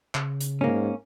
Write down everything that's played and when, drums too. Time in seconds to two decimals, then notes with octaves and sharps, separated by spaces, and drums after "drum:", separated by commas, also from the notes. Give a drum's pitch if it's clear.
0.15 C#3, drum: clap
0.40 drum: hi-hat
0.61 G#2 A#3 C#4